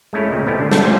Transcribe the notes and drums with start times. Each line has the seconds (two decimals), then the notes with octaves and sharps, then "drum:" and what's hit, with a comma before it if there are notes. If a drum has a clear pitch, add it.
0.13 G#3 A3 C#4 E4 C#5
0.31 A#2 C#3 C4
0.46 G3 A3 B3 C#4 E4
0.59 D3 D4
0.71 A3 D4 A4 C5 G5, drum: snare
0.83 G3 A#3 C#4 F4 C5 F5